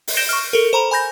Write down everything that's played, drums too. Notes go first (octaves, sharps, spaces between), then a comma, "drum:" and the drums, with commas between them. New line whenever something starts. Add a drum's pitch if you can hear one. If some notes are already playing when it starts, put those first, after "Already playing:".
drum: open hi-hat
G6 A#6 D7 E7 G7
C#6 F6
A4 A#4
C5 A#5 B5 F7
G#5 B5 G6 A#6